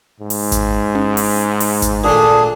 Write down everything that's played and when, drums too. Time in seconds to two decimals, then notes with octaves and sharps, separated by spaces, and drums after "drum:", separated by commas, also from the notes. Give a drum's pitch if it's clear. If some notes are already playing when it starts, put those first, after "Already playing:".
0.20 G#2
0.30 drum: open hi-hat
0.52 drum: kick G#1, hi-hat
0.95 drum: tom C#4
1.17 drum: open hi-hat
1.60 drum: open hi-hat
1.82 drum: kick G#1, hi-hat
2.04 A#2 A3 D4 G#4